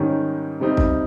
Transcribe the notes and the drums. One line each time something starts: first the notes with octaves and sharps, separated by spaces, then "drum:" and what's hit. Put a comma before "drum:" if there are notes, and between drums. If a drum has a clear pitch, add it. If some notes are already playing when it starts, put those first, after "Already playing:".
Already playing: G#2 D#3 G3 C#4
C3 G3 C4 D#4
drum: kick